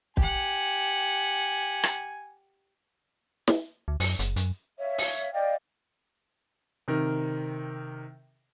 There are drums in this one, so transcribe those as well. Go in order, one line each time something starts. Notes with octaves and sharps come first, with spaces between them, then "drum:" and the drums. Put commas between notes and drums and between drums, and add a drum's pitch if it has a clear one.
G4 F#5 G#5, drum: kick
drum: rim click
drum: snare
D2
F#2, drum: open hi-hat
F#1, drum: hi-hat
F#2, drum: hi-hat
C#5 E5 F5
drum: open hi-hat
D5 D#5 F5 G5
C3 D#3 A#4